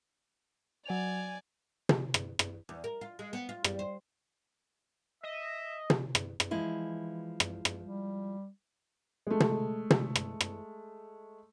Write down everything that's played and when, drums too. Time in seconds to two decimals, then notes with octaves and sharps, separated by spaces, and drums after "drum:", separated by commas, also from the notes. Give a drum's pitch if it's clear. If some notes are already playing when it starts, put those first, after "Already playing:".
0.85 F#3 D5 G#5 F7
1.89 drum: tom
2.14 drum: rim click
2.39 drum: rim click
2.69 E2
2.84 A#4
3.01 F4
3.19 G#3
3.33 B3
3.49 F4
3.64 G3, drum: rim click
3.79 C5
5.23 D#5 E5
5.90 drum: tom
6.15 drum: rim click
6.40 drum: rim click
6.51 E3 F3 G#3 E4
7.40 drum: rim click
7.65 drum: rim click
7.83 G3
9.27 G#3 A3
9.40 drum: tom
9.90 drum: tom
10.16 drum: rim click
10.41 drum: rim click